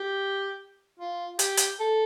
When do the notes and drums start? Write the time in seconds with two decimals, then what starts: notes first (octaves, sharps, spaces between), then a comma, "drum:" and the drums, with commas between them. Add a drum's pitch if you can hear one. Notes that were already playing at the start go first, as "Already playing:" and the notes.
Already playing: G4
0.99 F4
1.39 G4, drum: hi-hat
1.57 drum: hi-hat
1.80 A4